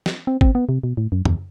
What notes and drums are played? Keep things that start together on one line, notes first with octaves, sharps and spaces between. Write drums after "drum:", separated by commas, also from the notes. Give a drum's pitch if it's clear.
drum: snare
C4
C4, drum: kick G#1
B3
C3
B2
A2
F#2
E2, drum: tom